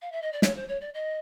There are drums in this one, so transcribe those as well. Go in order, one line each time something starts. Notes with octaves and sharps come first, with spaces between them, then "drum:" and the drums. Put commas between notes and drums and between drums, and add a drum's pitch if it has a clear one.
F5
E5
D#5
D5
C#5, drum: snare
C5
C#5
D5
D#5